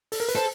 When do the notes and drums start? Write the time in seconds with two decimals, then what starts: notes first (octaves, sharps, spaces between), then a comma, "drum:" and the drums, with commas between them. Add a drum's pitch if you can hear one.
0.12 A4, drum: open hi-hat
0.20 A#4
0.29 B4, drum: hi-hat
0.35 A4 C5